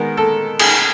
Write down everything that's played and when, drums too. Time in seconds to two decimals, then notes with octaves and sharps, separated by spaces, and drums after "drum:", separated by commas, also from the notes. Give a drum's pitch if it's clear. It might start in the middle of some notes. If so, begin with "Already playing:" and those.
Already playing: D#3 G#3 B3 A#4
0.17 A4
0.59 G#4, drum: cymbal